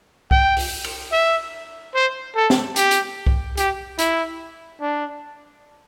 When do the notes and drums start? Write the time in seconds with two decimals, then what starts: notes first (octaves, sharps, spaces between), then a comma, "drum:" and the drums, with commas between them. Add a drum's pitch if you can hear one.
0.31 G5, drum: kick C2
0.57 drum: open hi-hat
0.84 drum: cymbal
1.12 E5
1.95 C5
2.36 A4
2.50 drum: snare
2.76 G4, drum: hi-hat
2.91 drum: hi-hat
3.27 drum: kick C2
3.57 G4, drum: hi-hat
3.99 E4, drum: hi-hat
4.81 D4